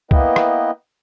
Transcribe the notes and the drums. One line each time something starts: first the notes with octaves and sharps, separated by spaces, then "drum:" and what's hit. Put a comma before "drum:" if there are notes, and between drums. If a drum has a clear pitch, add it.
A#3 B3 E4 B4 D#5 G5, drum: kick C2
drum: rim click